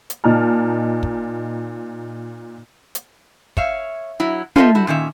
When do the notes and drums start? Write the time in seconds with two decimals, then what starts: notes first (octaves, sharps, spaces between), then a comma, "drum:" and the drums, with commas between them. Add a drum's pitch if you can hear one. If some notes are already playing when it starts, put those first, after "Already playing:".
0.10 drum: hi-hat
0.24 A#2 D#4 A5 F6
1.03 drum: kick
2.95 drum: hi-hat
3.57 C#5 E5 F5, drum: kick
4.20 F#3 E4
4.56 F4 F#4 A4 B4 D#5 E5, drum: tom
4.75 E4 F#4
4.87 A#2 D#3 C#4 E5